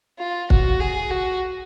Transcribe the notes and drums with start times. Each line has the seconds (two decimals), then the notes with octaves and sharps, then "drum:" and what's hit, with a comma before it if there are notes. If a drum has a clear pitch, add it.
0.18 F4
0.50 F#4, drum: kick
0.80 G#4
1.11 F#4